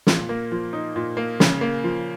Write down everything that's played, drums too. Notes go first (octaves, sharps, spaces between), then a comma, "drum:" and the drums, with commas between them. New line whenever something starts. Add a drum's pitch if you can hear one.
A#2, drum: snare
A#3
F3
D#4
A#2
A#3
C#3, drum: snare
A#3
F3